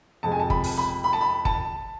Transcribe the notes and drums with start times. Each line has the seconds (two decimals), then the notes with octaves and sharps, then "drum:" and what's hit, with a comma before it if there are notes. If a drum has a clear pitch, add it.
0.23 F2 C3 G#3 A5
0.32 G#5
0.40 A5
0.50 B5, drum: kick
0.64 drum: open hi-hat
0.77 B5
1.04 B5
1.13 A5
1.21 B5
1.45 A5, drum: kick